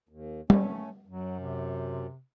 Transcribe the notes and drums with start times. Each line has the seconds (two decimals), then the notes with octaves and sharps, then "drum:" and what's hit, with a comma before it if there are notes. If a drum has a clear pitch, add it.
0.09 D#2
0.50 A3 C#4, drum: tom
1.07 F#2 F#3
1.40 C3